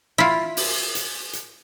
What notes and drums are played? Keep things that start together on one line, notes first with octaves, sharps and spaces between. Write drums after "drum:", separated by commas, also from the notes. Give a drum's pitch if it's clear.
E4 F4
drum: open hi-hat
drum: hi-hat
drum: hi-hat